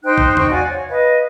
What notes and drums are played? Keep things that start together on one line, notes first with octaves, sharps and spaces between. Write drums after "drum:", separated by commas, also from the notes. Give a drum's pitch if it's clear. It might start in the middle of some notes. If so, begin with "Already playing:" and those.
D#4 C5 G5 F#6
drum: kick A#1
D#4 G5 C#6, drum: tom E2
F#4 D5 F5 G#5
C#5
B4 D#5 F5